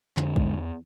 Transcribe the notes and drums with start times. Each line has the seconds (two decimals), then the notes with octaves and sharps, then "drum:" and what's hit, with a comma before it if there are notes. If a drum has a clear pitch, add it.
0.17 F2 D3 F3, drum: clap
0.36 G#2 G#3, drum: kick
0.45 E2